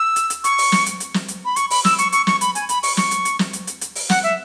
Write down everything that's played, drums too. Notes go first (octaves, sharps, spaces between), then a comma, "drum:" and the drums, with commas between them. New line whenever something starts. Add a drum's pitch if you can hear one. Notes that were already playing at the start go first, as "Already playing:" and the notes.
Already playing: E6
drum: hi-hat
drum: hi-hat
C#6, drum: hi-hat
drum: open hi-hat
drum: snare
drum: hi-hat
drum: hi-hat
drum: snare
drum: hi-hat
B5
C#6, drum: hi-hat
B5, drum: open hi-hat
E6, drum: snare
C#6, drum: hi-hat
C#6, drum: hi-hat
C#6, drum: snare
B5, drum: hi-hat
G#5, drum: hi-hat
B5, drum: hi-hat
C#6, drum: open hi-hat
C#6, drum: snare
drum: hi-hat
drum: hi-hat
drum: snare
drum: hi-hat
drum: hi-hat
drum: hi-hat
drum: open hi-hat
F#5, drum: snare
E5